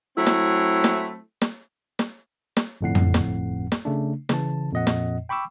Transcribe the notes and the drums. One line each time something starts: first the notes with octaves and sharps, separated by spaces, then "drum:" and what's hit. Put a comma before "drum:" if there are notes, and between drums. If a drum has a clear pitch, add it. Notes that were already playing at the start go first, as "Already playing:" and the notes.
F#3 A3 C4 E4
drum: snare
drum: snare
drum: snare
drum: snare
drum: snare
G1 F2 A2 F#5 C7
drum: tom F2
drum: snare
drum: snare
C#3 A3 D4
C#3 E3 A5, drum: snare
F2 A#2 D#5 F#5
drum: snare
G5 B5 C#6 D6 E6